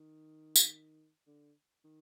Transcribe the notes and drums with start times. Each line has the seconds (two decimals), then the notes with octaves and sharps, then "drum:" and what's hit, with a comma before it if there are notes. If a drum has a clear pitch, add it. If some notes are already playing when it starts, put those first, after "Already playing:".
Already playing: D#3
0.56 drum: tambourine
1.27 D3
1.84 D#3